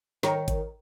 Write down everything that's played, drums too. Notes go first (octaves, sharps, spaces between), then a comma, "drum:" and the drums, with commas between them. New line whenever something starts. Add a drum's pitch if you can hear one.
D#3 A#4 C#5, drum: snare
drum: kick, hi-hat